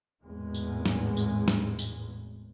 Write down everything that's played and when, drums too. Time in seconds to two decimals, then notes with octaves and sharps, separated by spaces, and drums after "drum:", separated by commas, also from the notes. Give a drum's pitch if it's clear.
0.23 G#1 E2 A2 G#3
0.54 drum: tambourine
0.86 drum: snare
1.17 drum: tambourine
1.48 drum: snare
1.79 drum: tambourine